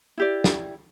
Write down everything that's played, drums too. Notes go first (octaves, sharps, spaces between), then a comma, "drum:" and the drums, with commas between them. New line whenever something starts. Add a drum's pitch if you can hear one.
E4 G4 D5
drum: snare